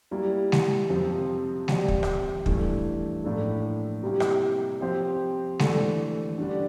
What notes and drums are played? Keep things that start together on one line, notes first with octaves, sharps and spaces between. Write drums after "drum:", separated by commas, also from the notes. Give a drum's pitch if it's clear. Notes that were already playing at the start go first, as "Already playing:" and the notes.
G3 A#3 E4
drum: snare G#3
F2 C3 F3 C4
F3 C4 G4 D5, drum: snare G#3
drum: kick
drum: rim click
G2 E3 A3 E4, drum: kick
A2 F3 A#3 D4 A4
C3 G3 A#3 E4 G4
drum: rim click
F3 C4 G4 C5
E3 A3 D4 A4, drum: snare G#3
D3 G3 D4